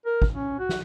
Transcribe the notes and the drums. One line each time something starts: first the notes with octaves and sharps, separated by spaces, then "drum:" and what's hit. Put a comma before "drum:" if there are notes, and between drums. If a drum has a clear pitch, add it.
A#4
drum: kick
C#4
F#4
drum: snare